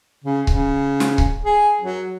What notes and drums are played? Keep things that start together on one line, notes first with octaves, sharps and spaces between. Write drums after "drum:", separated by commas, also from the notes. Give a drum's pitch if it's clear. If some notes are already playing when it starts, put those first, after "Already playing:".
C#3
C#3, drum: kick C#1
drum: snare
drum: kick C#1
G#4
F#3